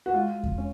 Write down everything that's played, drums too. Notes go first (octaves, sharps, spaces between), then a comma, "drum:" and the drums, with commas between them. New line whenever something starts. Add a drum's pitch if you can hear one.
F#4
G#3 F4
drum: kick E2
C#4